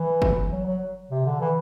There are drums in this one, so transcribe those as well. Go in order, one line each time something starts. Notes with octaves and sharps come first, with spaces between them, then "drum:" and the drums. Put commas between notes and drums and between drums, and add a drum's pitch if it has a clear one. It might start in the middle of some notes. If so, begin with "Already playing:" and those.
Already playing: E3
drum: kick F#1
F#3
F#3
C3
D3
E3